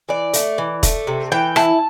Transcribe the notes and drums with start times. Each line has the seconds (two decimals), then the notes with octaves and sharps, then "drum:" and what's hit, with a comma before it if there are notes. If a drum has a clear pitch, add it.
0.09 E3 D5
0.33 A3, drum: hi-hat
0.58 E3
0.83 A3, drum: kick E1, hi-hat
1.07 C3
1.32 E3 G5
1.56 E4 A5, drum: rim click